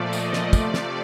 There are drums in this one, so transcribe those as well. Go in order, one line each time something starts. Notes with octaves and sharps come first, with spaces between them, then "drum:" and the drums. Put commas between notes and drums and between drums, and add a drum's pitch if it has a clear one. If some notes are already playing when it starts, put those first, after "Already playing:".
Already playing: A#2 F3 A3 D5
D#5, drum: tambourine
drum: snare
C3 F3 A3 D5, drum: kick, tambourine
drum: snare